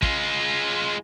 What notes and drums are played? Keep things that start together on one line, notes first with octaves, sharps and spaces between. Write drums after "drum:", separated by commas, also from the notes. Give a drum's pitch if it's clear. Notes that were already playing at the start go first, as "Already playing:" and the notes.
G#3 F4, drum: kick